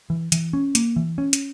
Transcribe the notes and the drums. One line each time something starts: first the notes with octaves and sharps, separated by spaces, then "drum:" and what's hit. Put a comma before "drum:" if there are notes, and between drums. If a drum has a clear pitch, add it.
E3
E3, drum: hi-hat
C#4
A#3, drum: hi-hat
E3
C#4
drum: hi-hat